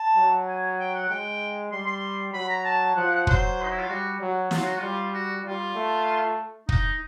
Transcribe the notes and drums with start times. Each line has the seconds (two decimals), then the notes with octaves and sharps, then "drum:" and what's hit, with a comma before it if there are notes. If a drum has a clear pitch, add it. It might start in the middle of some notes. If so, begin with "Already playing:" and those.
Already playing: A5
0.16 F#3
0.47 G#5
0.79 G5
0.94 F#5
1.09 G#3 G5
1.72 G3 C6
1.87 C6
2.33 F#3 B5
2.49 A#5
2.64 A5
2.96 F3 F#5
3.11 F#5
3.27 F#3 C5, drum: kick
3.63 D#4
3.71 E4
3.80 F4
3.89 G3 F#4
4.20 F#3
4.51 F#3 F4, drum: snare
4.64 F#4
4.78 G3 F4
5.13 F#4
5.44 G3 F4
5.75 A3
6.69 D#4, drum: kick